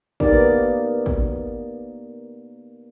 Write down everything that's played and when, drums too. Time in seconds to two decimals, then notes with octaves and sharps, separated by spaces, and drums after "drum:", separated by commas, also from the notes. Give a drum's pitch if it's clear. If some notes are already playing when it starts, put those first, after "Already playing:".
0.20 A#3 B3 D#4 G4 A#4 D5, drum: kick
1.06 drum: kick